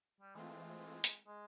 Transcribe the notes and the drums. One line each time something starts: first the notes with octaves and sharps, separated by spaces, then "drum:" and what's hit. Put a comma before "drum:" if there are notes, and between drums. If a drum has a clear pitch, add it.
G3
E3 G#3 A3 C4 F4
drum: hi-hat
G#3